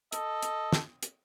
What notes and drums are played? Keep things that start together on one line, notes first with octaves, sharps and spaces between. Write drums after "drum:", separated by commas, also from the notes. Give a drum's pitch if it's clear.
A4 D#5, drum: hi-hat
drum: hi-hat
drum: snare
drum: hi-hat